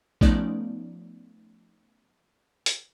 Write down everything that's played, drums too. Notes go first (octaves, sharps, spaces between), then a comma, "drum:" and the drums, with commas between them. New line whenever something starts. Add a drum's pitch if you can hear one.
F3 A3 B3 C#4 D#4 D5, drum: kick A1
drum: hi-hat